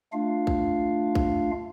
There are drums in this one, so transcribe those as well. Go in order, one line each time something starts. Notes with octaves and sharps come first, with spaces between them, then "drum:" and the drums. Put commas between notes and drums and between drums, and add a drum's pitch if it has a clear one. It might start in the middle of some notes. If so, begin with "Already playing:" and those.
A3 D4 F4 F5
drum: kick A#1
drum: kick A#1